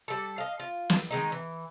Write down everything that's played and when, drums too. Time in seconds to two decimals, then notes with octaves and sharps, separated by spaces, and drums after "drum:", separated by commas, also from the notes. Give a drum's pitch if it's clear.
0.08 G3 A4
0.38 D#5 F5
0.60 F4
0.90 drum: snare
1.11 D#3 G#3 D#4
1.32 E3